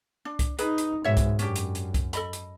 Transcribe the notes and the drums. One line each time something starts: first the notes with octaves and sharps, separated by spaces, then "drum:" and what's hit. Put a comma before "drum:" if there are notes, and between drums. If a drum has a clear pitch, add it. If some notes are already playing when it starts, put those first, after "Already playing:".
D4
drum: kick C2, hi-hat
D#4 G#4 B4 B5, drum: hi-hat
drum: hi-hat
G#2 B2 C#5 E5
drum: kick C2, hi-hat
F#2 C#4 D4 G4, drum: hi-hat
drum: hi-hat
drum: hi-hat
drum: kick C2, hi-hat
A4 D#5 B5, drum: hi-hat
drum: hi-hat